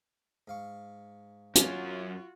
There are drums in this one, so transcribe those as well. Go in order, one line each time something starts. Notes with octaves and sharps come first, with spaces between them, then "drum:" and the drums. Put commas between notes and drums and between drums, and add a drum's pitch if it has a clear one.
G#2 F5 C#6
F#2 C#4 F4 F#4, drum: hi-hat